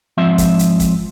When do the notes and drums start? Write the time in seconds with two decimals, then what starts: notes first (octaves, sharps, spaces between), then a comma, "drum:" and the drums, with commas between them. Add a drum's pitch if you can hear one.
0.17 G#2 F3 C4 E5
0.38 drum: kick, hi-hat
0.59 drum: hi-hat
0.80 drum: kick, hi-hat